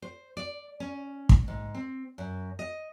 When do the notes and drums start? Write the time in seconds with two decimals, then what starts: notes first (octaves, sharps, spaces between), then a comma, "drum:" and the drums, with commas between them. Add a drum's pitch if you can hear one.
0.02 C5
0.37 D5
0.80 C#4
1.29 drum: kick
1.48 G#2
1.75 C4
2.18 F#2
2.59 D#5